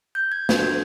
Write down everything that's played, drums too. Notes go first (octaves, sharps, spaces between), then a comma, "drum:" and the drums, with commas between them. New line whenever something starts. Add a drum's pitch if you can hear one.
G6
G#6
D4 F#4 A4, drum: snare